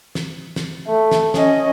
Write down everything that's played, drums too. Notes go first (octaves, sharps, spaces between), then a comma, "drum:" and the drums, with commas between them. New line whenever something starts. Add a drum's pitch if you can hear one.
drum: snare
drum: snare
A3
drum: snare
C#4 D#5, drum: snare